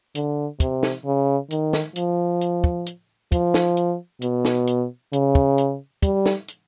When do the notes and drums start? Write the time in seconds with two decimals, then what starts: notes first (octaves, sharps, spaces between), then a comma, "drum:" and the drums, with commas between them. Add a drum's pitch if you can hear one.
0.15 D3, drum: hi-hat
0.60 C3, drum: kick, hi-hat
0.83 drum: snare
1.05 C#3
1.51 D#3, drum: hi-hat
1.73 drum: snare
1.96 F3, drum: hi-hat
2.41 drum: hi-hat
2.64 drum: kick
2.86 drum: hi-hat
3.32 F3, drum: kick, hi-hat
3.54 drum: snare
3.77 drum: hi-hat
4.22 B2, drum: hi-hat
4.45 drum: snare
4.67 drum: hi-hat
5.13 C#3, drum: hi-hat
5.35 drum: kick
5.58 drum: hi-hat
6.03 G3, drum: kick, hi-hat
6.26 drum: snare
6.48 drum: hi-hat